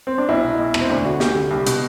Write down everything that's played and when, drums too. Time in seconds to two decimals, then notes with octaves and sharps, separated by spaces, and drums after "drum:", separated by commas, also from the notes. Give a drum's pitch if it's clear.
0.07 C4
0.18 D4
0.29 B1 E4
0.44 B2
0.59 B1
0.74 B2, drum: rim click
0.81 C4
0.90 D2 D4
1.05 D3 F#4
1.20 D2 G4, drum: snare
1.35 D3
1.51 C2
1.66 B2, drum: hi-hat